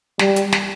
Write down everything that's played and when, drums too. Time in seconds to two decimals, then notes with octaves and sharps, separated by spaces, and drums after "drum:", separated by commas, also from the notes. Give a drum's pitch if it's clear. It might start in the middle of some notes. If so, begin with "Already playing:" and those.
0.19 G3, drum: snare
0.36 drum: hi-hat
0.52 drum: snare